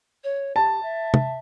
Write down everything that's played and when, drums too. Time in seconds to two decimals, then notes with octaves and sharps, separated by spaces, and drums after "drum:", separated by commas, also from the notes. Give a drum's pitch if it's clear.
0.23 C#5
0.56 G4 A5
0.82 E5
1.14 drum: tom